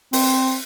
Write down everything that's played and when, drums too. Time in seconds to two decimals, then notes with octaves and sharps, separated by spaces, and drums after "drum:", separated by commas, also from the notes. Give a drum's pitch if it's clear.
0.13 C4, drum: open hi-hat